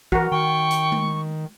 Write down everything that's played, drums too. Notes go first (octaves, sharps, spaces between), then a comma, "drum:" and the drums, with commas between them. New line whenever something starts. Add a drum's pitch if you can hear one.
E3 F#4 A#4, drum: kick
D#3 G5 C#6
drum: hi-hat
drum: tom G#3